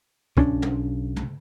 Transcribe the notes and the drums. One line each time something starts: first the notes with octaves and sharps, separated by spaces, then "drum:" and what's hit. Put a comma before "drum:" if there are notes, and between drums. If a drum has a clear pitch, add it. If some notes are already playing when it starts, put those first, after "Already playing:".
B1 C#4 D4, drum: kick C2
drum: tom
drum: tom